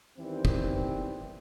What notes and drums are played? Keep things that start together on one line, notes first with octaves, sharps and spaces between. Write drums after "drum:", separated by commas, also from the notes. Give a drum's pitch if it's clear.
E2 D#3 E3 G3 C4
drum: kick